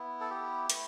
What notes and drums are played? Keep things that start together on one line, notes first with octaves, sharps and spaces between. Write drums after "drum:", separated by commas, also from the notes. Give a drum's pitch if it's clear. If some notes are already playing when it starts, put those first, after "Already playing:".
Already playing: B3 E4
A4
G4
A3 E4, drum: hi-hat